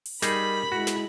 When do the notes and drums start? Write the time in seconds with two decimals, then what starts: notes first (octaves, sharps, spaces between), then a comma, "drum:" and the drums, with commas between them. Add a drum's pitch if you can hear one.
0.06 drum: open hi-hat
0.22 G3 D#4 G#4 A#4 B5, drum: snare
0.72 G#3 E4 F#4
0.87 drum: snare